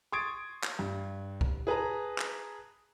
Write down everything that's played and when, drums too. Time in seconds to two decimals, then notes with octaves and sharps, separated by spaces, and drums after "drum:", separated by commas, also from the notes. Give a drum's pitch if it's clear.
0.12 C6 C#6 D#6 G#6 A6 D7
0.64 drum: clap
0.79 G2
1.41 drum: kick
1.67 G#4 B4 A5 A#5
2.18 drum: clap